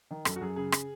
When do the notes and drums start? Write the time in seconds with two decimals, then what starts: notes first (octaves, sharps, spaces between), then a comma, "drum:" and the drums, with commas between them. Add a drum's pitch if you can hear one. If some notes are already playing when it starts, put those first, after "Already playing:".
0.11 D#3
0.25 F#2 A4, drum: rim click
0.36 F#4
0.41 F#2 G#4
0.56 C#3 G#4
0.72 drum: rim click